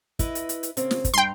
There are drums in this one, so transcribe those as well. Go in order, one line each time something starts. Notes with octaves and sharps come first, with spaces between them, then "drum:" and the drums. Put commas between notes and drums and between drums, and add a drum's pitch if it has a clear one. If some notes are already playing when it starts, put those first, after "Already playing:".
E4 B4 D#5, drum: kick, hi-hat
drum: hi-hat
drum: hi-hat
drum: hi-hat
C#3 A#3 C4, drum: hi-hat
drum: snare
drum: kick, hi-hat
G2 G5 A#5 C6